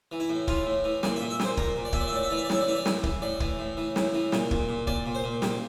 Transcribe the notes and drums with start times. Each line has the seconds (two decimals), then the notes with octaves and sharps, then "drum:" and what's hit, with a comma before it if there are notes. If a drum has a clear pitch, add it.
0.12 E3
0.20 E4
0.29 A2
0.48 E3 F4, drum: kick
0.66 A2
0.84 E3
1.03 A#2 D5, drum: snare
1.16 E5
1.21 A#2
1.30 E5
1.40 A#2 C5, drum: snare
1.57 A#2 A#4, drum: kick
1.76 A#2
1.85 D5
1.93 A#2 E5, drum: kick
2.01 D5
2.08 E5
2.12 A2 D5
2.23 E5
2.30 E3 D5
2.37 E5
2.45 D5
2.50 A2 E5, drum: snare
2.61 D5
2.68 E3 E5
2.75 D5
2.86 A2, drum: snare
3.03 E3, drum: kick
3.22 A2 D5
3.40 E3, drum: kick
3.59 A2
3.77 E3
3.96 A2, drum: snare
4.14 E3
4.32 A#2, drum: snare
4.51 A#2, drum: kick
4.69 A#2
4.87 A#2 D5, drum: kick
5.06 A#2
5.15 C5
5.24 A#2
5.42 A#2 G4, drum: snare